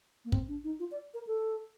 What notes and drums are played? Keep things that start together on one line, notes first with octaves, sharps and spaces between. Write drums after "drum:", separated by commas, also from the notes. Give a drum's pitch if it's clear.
A#3
C4, drum: kick
D4
D#4
F4
D5
A#4
A4